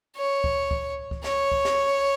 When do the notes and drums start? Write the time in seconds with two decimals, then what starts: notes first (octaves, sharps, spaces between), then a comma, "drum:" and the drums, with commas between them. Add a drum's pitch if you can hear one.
0.17 C#5
0.44 drum: kick C#2
0.71 drum: kick C#2
1.11 drum: kick C#2
1.24 C#5, drum: snare
1.52 drum: kick C#2
1.65 drum: snare